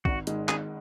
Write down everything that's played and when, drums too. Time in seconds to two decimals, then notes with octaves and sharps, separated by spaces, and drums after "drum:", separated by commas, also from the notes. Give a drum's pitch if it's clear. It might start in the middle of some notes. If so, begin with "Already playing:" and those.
0.05 G#1 F#4, drum: kick
0.27 G#2 D#3 G#3, drum: hi-hat
0.48 G#1 G#4, drum: clap